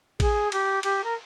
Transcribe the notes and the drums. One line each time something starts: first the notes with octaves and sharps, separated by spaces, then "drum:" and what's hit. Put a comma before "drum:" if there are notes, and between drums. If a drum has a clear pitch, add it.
G#4, drum: kick A1, cymbal
G4, drum: cymbal
G4, drum: cymbal
A#4